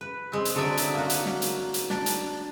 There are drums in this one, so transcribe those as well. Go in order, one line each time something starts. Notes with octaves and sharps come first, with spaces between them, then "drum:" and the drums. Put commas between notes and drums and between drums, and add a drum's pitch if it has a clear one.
B4
G#3 C4
drum: hi-hat
D3 F#3 G#4 D5 E5 G#5
drum: hi-hat
A#3 F#4
drum: hi-hat
drum: snare
drum: hi-hat
drum: hi-hat
D4, drum: snare
drum: hi-hat